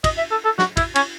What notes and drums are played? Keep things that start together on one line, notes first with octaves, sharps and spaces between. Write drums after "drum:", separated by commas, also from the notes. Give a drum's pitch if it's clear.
D#5, drum: kick, cymbal
E5
A4
A4
F#4, drum: snare
E4, drum: kick, cymbal
C#4, drum: cymbal